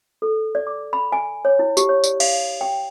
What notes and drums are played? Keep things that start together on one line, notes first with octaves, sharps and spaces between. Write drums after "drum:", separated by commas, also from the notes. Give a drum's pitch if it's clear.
A4
D5
D6
B5
G#5
C#5
E4
G4, drum: tambourine
C#5
D5, drum: tambourine
F5, drum: cymbal
G5